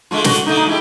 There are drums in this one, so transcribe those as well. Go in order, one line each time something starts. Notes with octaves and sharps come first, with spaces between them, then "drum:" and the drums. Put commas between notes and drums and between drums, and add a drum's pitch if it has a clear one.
D3 G#3 F4
D3 F#4, drum: snare
D3 A3 D#4
G#3 E4 G4